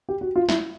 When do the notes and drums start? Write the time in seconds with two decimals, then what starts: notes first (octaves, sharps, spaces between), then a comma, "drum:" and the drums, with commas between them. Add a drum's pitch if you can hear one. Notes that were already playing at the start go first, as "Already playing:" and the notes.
0.09 G4
0.21 F#4
0.36 F4
0.49 E4, drum: snare